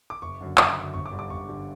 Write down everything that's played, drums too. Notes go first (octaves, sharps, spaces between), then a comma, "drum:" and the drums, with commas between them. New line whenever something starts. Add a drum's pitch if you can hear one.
D6
F#1 C#6
F#2 D3
F#1, drum: clap
F#2 D3
G1 C#6
D6
G2 D3
D6
G1 C#6
G2 D3